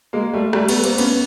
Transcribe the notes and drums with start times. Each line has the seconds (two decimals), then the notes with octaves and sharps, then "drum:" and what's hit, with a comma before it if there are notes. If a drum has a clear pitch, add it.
0.13 G#3 A#3
0.33 G3 A3
0.53 G3 A3, drum: rim click
0.69 A3 B3, drum: cymbal
0.84 A#3 C4, drum: cymbal
0.98 B3 C#4, drum: cymbal